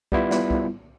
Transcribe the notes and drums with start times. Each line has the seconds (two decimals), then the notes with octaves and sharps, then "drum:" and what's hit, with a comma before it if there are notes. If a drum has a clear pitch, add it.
0.12 G3 B3 E4 F4, drum: kick
0.31 drum: snare
0.50 drum: kick